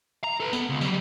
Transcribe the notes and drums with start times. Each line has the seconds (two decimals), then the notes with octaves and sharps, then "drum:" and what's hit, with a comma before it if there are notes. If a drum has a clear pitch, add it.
0.24 A#5
0.40 A4 B4
0.53 B3, drum: tambourine
0.70 C#2
0.81 F#3 G3, drum: tambourine